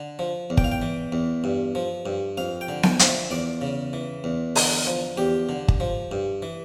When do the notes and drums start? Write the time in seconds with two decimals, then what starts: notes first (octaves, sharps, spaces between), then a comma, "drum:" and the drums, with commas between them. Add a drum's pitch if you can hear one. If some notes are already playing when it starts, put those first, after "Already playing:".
Already playing: D3
0.19 F3
0.50 E2
0.57 G5, drum: kick
0.64 F5
0.72 G5
0.82 E3
1.12 E2
1.44 G2
1.75 F3
2.06 G2
2.37 F2 F5
2.61 G5
2.68 D3
2.83 G5, drum: snare B3
2.99 F3, drum: hi-hat
3.07 E5
3.31 E2 D5
3.61 C#3
3.93 E3
4.24 E2
4.56 D3, drum: open hi-hat
4.87 F3
5.17 E2 G4
5.49 D3
5.68 drum: kick
5.80 F3
6.11 G2
6.42 E3